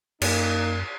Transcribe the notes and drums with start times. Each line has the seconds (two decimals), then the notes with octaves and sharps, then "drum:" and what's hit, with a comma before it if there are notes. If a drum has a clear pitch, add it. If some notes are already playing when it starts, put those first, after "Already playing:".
0.22 F#2 A#3 D#4, drum: cymbal